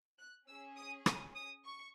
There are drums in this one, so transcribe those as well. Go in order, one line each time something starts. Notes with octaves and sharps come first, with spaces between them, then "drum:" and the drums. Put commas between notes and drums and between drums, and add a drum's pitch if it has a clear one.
F#6
C#4 G#4 E6
D#6
D#6, drum: rim click
D#6
C#6